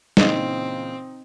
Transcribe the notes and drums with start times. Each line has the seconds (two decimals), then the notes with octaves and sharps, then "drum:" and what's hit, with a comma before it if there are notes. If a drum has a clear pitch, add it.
0.17 A#2 C#3 E3 C4 D#4, drum: snare